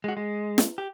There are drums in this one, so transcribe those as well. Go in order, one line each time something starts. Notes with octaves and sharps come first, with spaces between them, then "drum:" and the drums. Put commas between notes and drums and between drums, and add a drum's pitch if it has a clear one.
G#3 F#4
G#3
drum: snare
G4